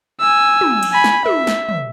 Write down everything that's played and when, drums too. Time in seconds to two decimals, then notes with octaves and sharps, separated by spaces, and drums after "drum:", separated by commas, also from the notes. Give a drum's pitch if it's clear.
0.20 G#5 E6
0.61 drum: tom
0.83 drum: cymbal
0.92 G#5 B5
1.04 drum: snare
1.26 E5, drum: tom
1.47 drum: snare
1.69 drum: tom